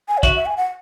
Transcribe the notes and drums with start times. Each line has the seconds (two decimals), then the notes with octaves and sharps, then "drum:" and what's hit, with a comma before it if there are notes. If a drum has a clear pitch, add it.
0.08 G#5
0.18 C#5
0.23 F#4 E5, drum: kick, hi-hat
0.35 E5
0.46 G#5
0.57 F#5